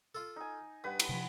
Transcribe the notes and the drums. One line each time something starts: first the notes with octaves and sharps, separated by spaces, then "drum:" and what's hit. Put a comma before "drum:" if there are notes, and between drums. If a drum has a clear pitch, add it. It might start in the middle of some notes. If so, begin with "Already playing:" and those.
F4 A4
D#4 G#5
G2 B4 F#5
drum: cymbal
C3 E3 F3